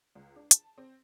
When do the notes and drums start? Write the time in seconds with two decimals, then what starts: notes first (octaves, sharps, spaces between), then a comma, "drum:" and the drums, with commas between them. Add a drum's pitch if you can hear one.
0.15 C#2
0.36 D4
0.51 A5, drum: hi-hat
0.78 C4